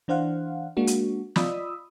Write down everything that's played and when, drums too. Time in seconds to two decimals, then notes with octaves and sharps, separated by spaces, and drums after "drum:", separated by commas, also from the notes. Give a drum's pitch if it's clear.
0.08 E3 D4 C5 F5 F#5
0.77 G#3 A#3 D4 F#4
0.87 drum: hi-hat
1.36 F4 D5 D#5 B5 D#6 E6, drum: snare